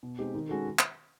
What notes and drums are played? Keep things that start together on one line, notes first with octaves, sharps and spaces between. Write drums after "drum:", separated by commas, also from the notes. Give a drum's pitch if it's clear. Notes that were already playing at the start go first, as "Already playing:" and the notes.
B2
G#3 C4 D#4 G4
D#3
G#3 C#4 F#4 A4
drum: clap